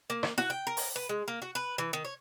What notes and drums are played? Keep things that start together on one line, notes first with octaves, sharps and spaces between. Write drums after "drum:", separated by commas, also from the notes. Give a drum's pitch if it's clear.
A#3
drum: rim click
F#4, drum: snare E4
G5
A#4
drum: open hi-hat
B4
G#3
A#3
F#4
B4
E3
D#3
C#5